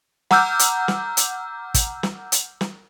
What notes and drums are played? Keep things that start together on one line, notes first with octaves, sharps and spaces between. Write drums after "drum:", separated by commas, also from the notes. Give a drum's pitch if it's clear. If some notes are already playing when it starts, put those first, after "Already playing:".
F#5 A#5 D6 E6 F6 G6, drum: snare
drum: hi-hat
drum: snare
drum: hi-hat
drum: kick, hi-hat
drum: snare
drum: hi-hat
drum: snare